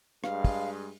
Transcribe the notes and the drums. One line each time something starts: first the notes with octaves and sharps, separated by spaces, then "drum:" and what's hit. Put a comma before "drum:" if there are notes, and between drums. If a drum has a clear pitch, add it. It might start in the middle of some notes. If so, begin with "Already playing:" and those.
G2 G#3 F5, drum: rim click
drum: kick, open hi-hat